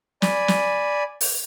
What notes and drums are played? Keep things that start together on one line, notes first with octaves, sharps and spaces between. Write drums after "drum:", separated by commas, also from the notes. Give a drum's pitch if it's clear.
D5 G#5 B5, drum: snare
drum: snare
drum: open hi-hat